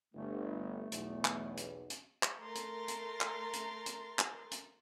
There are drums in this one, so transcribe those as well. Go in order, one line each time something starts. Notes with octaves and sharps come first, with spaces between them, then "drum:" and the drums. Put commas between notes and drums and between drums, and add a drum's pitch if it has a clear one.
G1 A3
B1 E2, drum: hi-hat
drum: clap
drum: hi-hat
drum: hi-hat
drum: clap
A3 A#4 A#5 C6 A6
drum: hi-hat
drum: hi-hat
drum: clap
drum: hi-hat
drum: hi-hat
drum: clap
drum: hi-hat